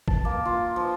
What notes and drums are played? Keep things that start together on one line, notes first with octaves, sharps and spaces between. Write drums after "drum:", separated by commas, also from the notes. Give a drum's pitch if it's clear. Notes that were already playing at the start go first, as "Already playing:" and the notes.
A5, drum: kick
A#3
F4
F3